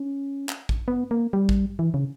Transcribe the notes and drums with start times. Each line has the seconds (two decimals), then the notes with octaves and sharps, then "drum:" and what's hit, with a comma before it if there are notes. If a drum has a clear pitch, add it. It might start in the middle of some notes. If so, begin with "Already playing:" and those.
Already playing: C#4
0.49 drum: clap
0.69 drum: kick A1
0.88 B3
1.11 A#3
1.33 G3
1.49 drum: kick A1
1.79 E3
1.94 C#3